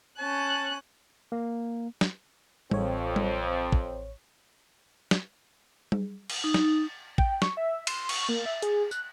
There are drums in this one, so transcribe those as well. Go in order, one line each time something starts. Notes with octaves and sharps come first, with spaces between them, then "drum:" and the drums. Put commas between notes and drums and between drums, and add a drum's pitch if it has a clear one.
C#4 A5 F#6
A#3
drum: snare
A1 F2 C4 C#5, drum: tom G3
drum: tom G3
drum: kick
drum: snare
drum: tom G3
drum: cymbal
D#4
drum: snare
G5, drum: kick
C#6, drum: snare
E5
C6, drum: cymbal
C#6, drum: cymbal
A#3
E5
G#4, drum: hi-hat
F#6, drum: tambourine